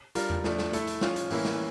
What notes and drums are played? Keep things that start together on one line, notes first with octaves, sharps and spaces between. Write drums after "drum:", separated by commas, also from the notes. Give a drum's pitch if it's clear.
G3 D4 F4 A#4, drum: hi-hat
drum: tom E2
F3 A3 D4, drum: snare
drum: snare
A3 E4 A4, drum: hi-hat
drum: hi-hat
F3 C#4 F4, drum: snare
drum: hi-hat
A2 E3 A#3 C#4 E4, drum: open hi-hat
drum: snare